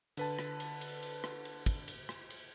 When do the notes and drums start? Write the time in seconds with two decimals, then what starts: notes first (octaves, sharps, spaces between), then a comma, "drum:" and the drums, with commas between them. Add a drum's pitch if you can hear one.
0.17 D3 B4 A5, drum: cymbal
0.39 drum: rim click
0.60 drum: cymbal
0.81 drum: cymbal
1.02 drum: cymbal
1.24 drum: rim click
1.45 drum: cymbal
1.66 drum: kick, cymbal
1.88 drum: cymbal
2.09 drum: rim click
2.30 drum: cymbal